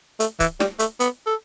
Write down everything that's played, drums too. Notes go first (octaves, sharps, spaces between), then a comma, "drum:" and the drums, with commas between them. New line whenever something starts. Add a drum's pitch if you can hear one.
A3, drum: hi-hat
E3, drum: kick C#1, hi-hat
G3, drum: snare
A3, drum: hi-hat
B3, drum: hi-hat
A4